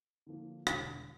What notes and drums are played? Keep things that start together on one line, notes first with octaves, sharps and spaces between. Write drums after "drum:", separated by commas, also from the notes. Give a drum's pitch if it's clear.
D3 F3 A#3
E1 D3, drum: rim click